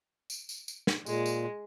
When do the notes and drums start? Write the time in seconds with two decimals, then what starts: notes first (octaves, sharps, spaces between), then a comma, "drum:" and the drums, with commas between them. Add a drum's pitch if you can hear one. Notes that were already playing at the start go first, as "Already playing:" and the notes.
0.30 drum: tambourine
0.49 drum: tambourine
0.68 drum: tambourine
0.87 drum: snare
1.06 A#2 G#3, drum: tambourine
1.26 drum: tambourine